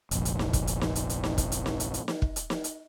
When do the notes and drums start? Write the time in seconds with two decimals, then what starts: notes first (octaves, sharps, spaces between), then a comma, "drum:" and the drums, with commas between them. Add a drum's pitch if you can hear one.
0.11 F1 A#1, drum: hi-hat
0.25 drum: hi-hat
0.39 drum: snare
0.53 drum: kick, hi-hat
0.67 drum: hi-hat
0.81 drum: snare
0.95 drum: hi-hat
1.10 drum: hi-hat
1.24 drum: snare
1.38 drum: kick, hi-hat
1.52 drum: hi-hat
1.66 drum: snare
1.80 drum: hi-hat
1.94 drum: hi-hat
2.08 drum: snare
2.22 drum: kick
2.36 drum: hi-hat
2.50 drum: snare
2.64 drum: hi-hat